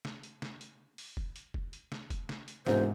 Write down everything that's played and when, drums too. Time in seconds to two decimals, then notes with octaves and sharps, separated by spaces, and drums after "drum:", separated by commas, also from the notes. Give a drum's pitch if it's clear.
0.05 drum: snare
0.23 drum: hi-hat
0.42 drum: snare
0.61 drum: hi-hat
0.98 drum: open hi-hat
1.17 drum: kick
1.36 drum: hi-hat
1.54 drum: kick
1.73 drum: hi-hat
1.92 drum: snare
2.10 drum: kick, hi-hat
2.29 drum: snare
2.48 drum: hi-hat
2.67 E1 G#2 C3 C5, drum: snare